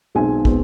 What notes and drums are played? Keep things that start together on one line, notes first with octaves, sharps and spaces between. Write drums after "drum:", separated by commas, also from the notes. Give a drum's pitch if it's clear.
B1 B2 G#3 C4 G#5
B2 G#3 C4, drum: kick